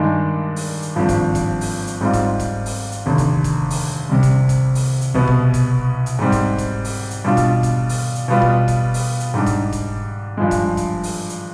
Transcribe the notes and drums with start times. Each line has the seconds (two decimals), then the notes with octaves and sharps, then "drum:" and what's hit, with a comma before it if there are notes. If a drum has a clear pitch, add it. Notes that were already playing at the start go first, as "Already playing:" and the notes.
Already playing: G2 D#3 G#3 D4
0.56 drum: open hi-hat
0.82 drum: hi-hat
0.96 G#1 G2 F3
1.09 drum: kick F1, hi-hat
1.35 drum: kick F1, hi-hat
1.61 drum: open hi-hat
1.87 drum: hi-hat
2.01 G#2 G3 C4 F4
2.13 drum: kick F1, hi-hat
2.40 drum: kick F1, hi-hat
2.66 drum: open hi-hat
2.92 drum: hi-hat
3.06 F1 D#2 D3
3.18 drum: kick F1, hi-hat
3.44 drum: kick F1, hi-hat
3.70 drum: open hi-hat
4.09 C2 C3 G3
4.23 drum: kick F1, hi-hat
4.49 drum: kick F1, hi-hat
4.75 drum: open hi-hat
5.01 drum: hi-hat
5.14 C2 B2 B3
5.28 drum: kick F1
5.54 drum: kick F1, hi-hat
6.06 drum: hi-hat
6.19 G#2 G3 C4
6.32 drum: kick F1, hi-hat
6.58 drum: kick F1, hi-hat
6.85 drum: open hi-hat
7.11 drum: hi-hat
7.24 B2 G3 D4 F4
7.37 drum: kick F1, hi-hat
7.63 drum: kick F1, hi-hat
7.89 drum: open hi-hat
8.15 drum: hi-hat
8.28 B2 G3 B3 F4
8.42 drum: kick F1
8.68 drum: kick F1, hi-hat
8.94 drum: open hi-hat
9.20 drum: hi-hat
9.34 G#2 G3 D4
9.46 drum: kick F1, hi-hat
9.73 drum: kick F1, hi-hat
10.37 G2 F3 G#3
10.51 drum: kick F1, hi-hat
10.77 drum: kick F1, hi-hat
11.03 drum: open hi-hat
11.30 drum: hi-hat